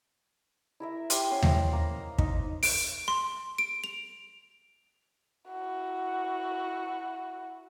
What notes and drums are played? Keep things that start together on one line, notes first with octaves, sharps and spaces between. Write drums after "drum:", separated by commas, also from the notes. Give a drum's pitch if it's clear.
E4 A#4 E5
G4 C5, drum: hi-hat
C#4 F#5 C6
C5 D#5 F5 G5, drum: tom D#2
A#3 A#5
D#4 D#5, drum: kick
D7, drum: open hi-hat
C6
D7
F7
E4 F#4